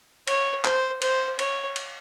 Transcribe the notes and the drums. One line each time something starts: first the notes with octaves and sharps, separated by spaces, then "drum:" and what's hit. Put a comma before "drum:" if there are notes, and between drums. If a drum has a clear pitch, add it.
C#5, drum: cymbal
C5, drum: clap
C5, drum: cymbal
C#5, drum: cymbal
drum: cymbal